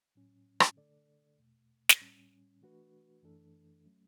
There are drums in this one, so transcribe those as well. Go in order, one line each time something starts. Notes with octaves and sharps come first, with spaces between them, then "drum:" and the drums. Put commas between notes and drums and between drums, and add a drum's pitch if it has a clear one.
A2 F#3 C#4
drum: rim click
D3 A3 D4 A4 D5
E2 B2 A3
drum: snare
A2 G3 C#4
E3 A3 D4 F#4 B4
F#2 E3 A3 D4 A4
F#3 A3 C#4